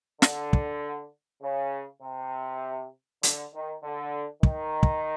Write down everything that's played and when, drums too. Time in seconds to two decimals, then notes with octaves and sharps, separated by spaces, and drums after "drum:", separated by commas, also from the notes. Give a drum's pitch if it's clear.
0.22 D3, drum: snare
0.53 drum: kick
1.43 C#3
2.02 C3
3.23 D3, drum: hi-hat
3.53 D#3
3.84 D3
4.43 D#3, drum: kick
4.83 drum: kick